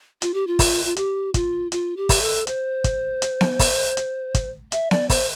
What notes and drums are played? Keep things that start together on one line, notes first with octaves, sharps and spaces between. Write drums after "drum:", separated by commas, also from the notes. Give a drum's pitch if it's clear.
F4, drum: hi-hat
G4
F4
drum: kick, open hi-hat
F4
G4, drum: hi-hat
F4, drum: kick, hi-hat
F4, drum: hi-hat
G4
drum: kick, open hi-hat
A4
C5, drum: hi-hat
drum: kick, hi-hat
drum: hi-hat
drum: snare B3
drum: kick, open hi-hat
drum: hi-hat
drum: kick, hi-hat
E5, drum: hi-hat
D5, drum: snare B3
C5, drum: kick, open hi-hat